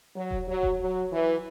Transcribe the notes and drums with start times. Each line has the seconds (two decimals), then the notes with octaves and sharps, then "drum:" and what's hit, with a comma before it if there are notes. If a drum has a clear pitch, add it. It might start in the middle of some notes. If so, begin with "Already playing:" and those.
0.15 F#3
0.31 drum: kick D#1
0.47 F#3
0.63 drum: kick D#1
0.79 F#3
1.11 E3